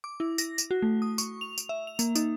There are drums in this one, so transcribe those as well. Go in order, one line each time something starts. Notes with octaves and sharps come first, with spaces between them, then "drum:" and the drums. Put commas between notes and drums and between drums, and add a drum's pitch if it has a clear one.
D6
E4
A#6, drum: tambourine
drum: tambourine
F#4
A3
D#6
C#6, drum: tambourine
F7
drum: tambourine
E5
F7
A#3, drum: tambourine
D#4, drum: tambourine